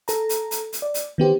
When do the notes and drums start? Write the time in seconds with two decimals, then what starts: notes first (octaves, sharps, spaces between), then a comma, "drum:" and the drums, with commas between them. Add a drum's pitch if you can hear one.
0.08 A4 A#5, drum: hi-hat
0.29 drum: hi-hat
0.51 drum: hi-hat
0.73 drum: hi-hat
0.82 D5
0.94 drum: hi-hat
1.18 D#3 B3 G4 C5